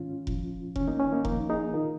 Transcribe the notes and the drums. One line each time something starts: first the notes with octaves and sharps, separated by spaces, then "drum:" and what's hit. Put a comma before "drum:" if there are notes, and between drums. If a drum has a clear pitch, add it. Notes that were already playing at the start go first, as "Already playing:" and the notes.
Already playing: G#2 D#3 C#4 F4
A#2 F3, drum: kick F1
G#2 D#3 C#4, drum: kick F1
A#3 D#4
C#4
A#3 D#4
A#2 F3 A#3 D#4, drum: kick F1
D#4 G#4
D#3 F4 A#4